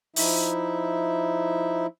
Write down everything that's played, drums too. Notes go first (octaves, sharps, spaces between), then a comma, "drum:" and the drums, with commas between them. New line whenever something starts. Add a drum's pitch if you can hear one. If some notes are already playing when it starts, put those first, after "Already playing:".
F3 D#4 E4 E5, drum: open hi-hat